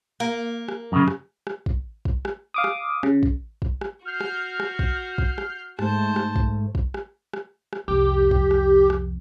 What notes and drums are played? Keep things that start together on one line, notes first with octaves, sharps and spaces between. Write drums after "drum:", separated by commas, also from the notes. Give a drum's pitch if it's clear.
A#3
drum: rim click
F#2 C#3
drum: rim click
drum: rim click
drum: kick
drum: kick
drum: rim click
F5 D6 D#6
drum: rim click
C#3, drum: rim click
drum: kick
drum: kick
drum: rim click
F#4 F6 G6 C7
drum: rim click
drum: rim click
drum: kick
drum: kick
drum: rim click
G#2 A3 C5 A5, drum: rim click
drum: rim click
drum: kick
drum: kick
drum: rim click
drum: rim click
drum: rim click
C2 F2 G4
drum: kick
drum: rim click
drum: rim click